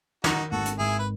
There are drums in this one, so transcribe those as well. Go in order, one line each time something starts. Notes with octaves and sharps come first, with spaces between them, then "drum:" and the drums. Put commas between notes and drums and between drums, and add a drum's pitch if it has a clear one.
D#3 D#4 F#4, drum: snare
G#1 F#4 A4
drum: hi-hat
G#2 E4 G#4
B4